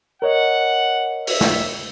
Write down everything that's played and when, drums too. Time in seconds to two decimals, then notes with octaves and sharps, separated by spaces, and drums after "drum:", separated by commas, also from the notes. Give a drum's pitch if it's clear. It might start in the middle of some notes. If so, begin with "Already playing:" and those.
0.22 A#4 C#5 D#5 F#5
1.27 E5, drum: open hi-hat
1.41 drum: snare